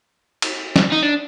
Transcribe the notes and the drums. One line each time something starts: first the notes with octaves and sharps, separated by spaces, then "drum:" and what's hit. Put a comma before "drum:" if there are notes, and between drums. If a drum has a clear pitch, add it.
drum: cymbal
drum: snare
D#4
D4